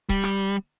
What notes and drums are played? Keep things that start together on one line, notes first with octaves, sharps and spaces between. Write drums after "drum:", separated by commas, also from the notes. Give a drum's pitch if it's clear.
G3, drum: kick C#1
drum: rim click